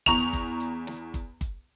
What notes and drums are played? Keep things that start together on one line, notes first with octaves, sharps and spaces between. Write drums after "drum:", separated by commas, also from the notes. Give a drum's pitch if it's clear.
E2 A#5 C#6 F7, drum: kick G1, hi-hat
drum: kick G1, hi-hat
drum: hi-hat
drum: snare
drum: kick G1, hi-hat
drum: kick G1, hi-hat